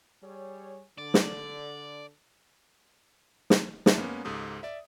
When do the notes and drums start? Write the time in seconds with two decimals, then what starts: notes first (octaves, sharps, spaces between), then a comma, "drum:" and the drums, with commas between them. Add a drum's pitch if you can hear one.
0.23 G3 G#4 C#5
0.98 D3 D5
1.14 drum: snare
3.50 drum: snare
3.86 D4 E5, drum: snare
3.98 G#2 A#3 B3 C#4
4.25 C#2 G#2 G4 A4 D#6
4.63 D5 E5